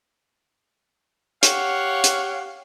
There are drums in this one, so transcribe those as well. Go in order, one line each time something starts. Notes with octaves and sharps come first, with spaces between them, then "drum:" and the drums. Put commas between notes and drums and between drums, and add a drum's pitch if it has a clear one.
G4 C#5 F5 F#5, drum: hi-hat
drum: hi-hat